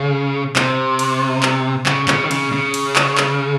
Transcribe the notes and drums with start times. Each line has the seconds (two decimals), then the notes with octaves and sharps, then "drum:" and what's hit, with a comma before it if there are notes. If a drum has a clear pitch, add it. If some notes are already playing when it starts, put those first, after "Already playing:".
Already playing: C#3
0.56 C3, drum: clap
0.99 drum: cymbal
1.43 drum: clap
1.86 C#3, drum: clap
2.08 C#3, drum: clap
2.24 D#3
2.31 C#3, drum: cymbal
2.52 C#3
2.74 drum: cymbal
2.96 drum: clap
3.18 drum: clap